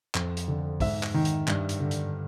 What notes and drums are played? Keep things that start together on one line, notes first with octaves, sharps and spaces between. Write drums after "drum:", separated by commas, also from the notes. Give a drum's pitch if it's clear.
F2, drum: clap
drum: hi-hat
D3
G#2 E5, drum: kick, open hi-hat
drum: clap
D#3
drum: hi-hat
G2, drum: clap
drum: hi-hat
D3
drum: hi-hat